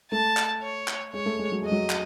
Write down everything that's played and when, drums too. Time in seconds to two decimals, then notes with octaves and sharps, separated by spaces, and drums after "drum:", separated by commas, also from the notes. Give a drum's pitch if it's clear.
0.11 A3 A5
0.37 drum: clap
0.62 C#5
0.88 drum: clap
1.13 G#3 C#5
1.26 A3
1.39 G#3
1.52 F#3
1.62 G#3 D#5
1.72 F#3
1.90 drum: clap